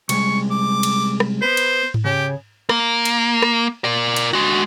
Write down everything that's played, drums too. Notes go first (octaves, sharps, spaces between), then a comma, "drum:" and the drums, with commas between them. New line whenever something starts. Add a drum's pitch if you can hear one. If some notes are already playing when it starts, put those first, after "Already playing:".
C3 G3 G#3 C#6, drum: cymbal
D6
drum: cymbal
drum: rim click
B3 B4 C5
drum: cymbal
drum: tom G#2
C#3 G4 C#5
A#3, drum: rim click
drum: cymbal
drum: rim click
A#4 D5
drum: cymbal
G#3 F#4